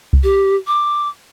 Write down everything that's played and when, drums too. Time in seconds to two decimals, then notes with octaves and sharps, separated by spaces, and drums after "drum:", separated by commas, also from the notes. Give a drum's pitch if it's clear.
0.13 drum: kick C2
0.23 G4
0.67 D6